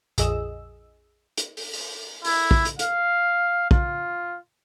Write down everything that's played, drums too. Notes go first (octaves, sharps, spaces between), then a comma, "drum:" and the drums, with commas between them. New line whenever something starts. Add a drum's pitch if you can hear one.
A#1 F2 G#4 D#5 E6, drum: hi-hat
drum: hi-hat
drum: open hi-hat
drum: open hi-hat
E4, drum: open hi-hat
drum: kick
drum: hi-hat
F5, drum: hi-hat
F4, drum: kick